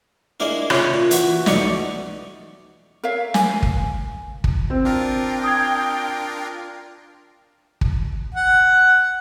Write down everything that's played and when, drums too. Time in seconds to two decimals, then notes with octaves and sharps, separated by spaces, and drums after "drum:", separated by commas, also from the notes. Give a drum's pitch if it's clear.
0.40 G#3 A#3 D4 E4 A#4
0.70 C#3 C#4 F4, drum: rim click
0.94 A#2
1.11 E3 F#4, drum: hi-hat
1.46 B1 E2 D#4 D5 C#6, drum: snare
3.03 A#4 C#5 E5 F5
3.34 G#5, drum: snare
3.63 drum: kick
4.44 drum: kick
4.70 C4
4.85 D4 F4 A#4 G5
5.44 D#6 G#6
7.81 drum: kick
8.34 F#5